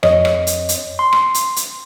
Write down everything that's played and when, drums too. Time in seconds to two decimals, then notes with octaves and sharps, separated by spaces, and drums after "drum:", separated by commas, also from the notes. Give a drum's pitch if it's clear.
0.03 F2 C#5 D#5, drum: rim click
0.25 drum: rim click
0.47 drum: hi-hat
0.69 drum: hi-hat
0.99 C6
1.13 drum: rim click
1.34 drum: hi-hat
1.56 drum: hi-hat